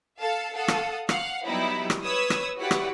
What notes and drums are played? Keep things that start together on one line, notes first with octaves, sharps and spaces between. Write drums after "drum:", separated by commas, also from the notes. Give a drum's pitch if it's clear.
A4 F5 A5
A4 F5 F#5 D#6
drum: rim click
F5 F#5, drum: rim click
F#3 G3 B3 D#4 E4
drum: rim click
B4 C#5 D#6 E6 G#6
drum: rim click
E4 F#4 G4 B4 D5 F#5
drum: rim click